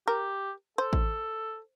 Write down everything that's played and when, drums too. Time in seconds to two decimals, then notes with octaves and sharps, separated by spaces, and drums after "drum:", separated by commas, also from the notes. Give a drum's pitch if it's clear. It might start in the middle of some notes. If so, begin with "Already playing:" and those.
0.08 G4 A#4
0.78 A4 C5
0.93 drum: kick A1